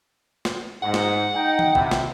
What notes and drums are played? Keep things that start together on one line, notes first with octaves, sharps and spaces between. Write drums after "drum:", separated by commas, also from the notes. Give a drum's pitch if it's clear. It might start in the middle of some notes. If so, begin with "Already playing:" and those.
drum: snare
G#2 F#5
drum: snare
D#4 G5
drum: tom D#3
C3 E4, drum: kick
drum: snare